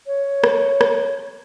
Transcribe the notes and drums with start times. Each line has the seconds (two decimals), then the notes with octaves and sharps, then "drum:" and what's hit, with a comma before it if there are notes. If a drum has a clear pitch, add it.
0.06 C#5
0.44 drum: rim click
0.81 drum: rim click